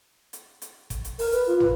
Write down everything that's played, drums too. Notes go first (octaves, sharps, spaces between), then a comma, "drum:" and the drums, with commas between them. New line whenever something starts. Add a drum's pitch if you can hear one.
drum: hi-hat
drum: hi-hat
drum: kick G1, hi-hat
drum: hi-hat
A#4, drum: open hi-hat
B4, drum: hi-hat
F4
B4, drum: tom